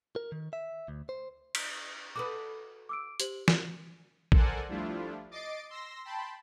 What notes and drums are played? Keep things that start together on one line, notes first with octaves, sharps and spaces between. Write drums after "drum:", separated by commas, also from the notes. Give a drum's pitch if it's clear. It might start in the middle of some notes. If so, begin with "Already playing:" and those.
A#4
D#3
E5
D2
C5
drum: cymbal
F#4 A4 B4 D6 D#6
D6 E6 D7
G4 C5 F#7, drum: hi-hat
drum: snare
A4 A#4 C5 D5 F#5 G#5, drum: kick A#1
F3 G3 A3 D4 E4 F4
D#5 D6 A6 C7 D7
C6 E6 A#6
G5 A5 B5 C6